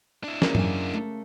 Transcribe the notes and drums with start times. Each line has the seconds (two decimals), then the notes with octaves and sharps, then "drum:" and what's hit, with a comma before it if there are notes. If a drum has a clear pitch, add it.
0.24 D4 E4
0.42 C#3 A#3, drum: snare
0.55 F#2 G#5, drum: tom G#2
0.94 A3